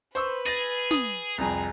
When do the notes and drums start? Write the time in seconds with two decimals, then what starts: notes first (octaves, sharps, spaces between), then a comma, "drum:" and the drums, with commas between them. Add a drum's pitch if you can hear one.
0.15 B4 C5 C#6 E6, drum: hi-hat
0.46 G#4 A6 A#6
0.91 D#6, drum: snare
1.38 C2 F2 G#4 A#5